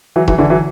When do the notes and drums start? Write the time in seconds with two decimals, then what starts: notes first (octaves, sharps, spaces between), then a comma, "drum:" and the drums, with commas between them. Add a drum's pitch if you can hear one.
0.16 E3 F#3
0.28 E3 F#3, drum: kick E1
0.38 D3 E3
0.50 E3 F#3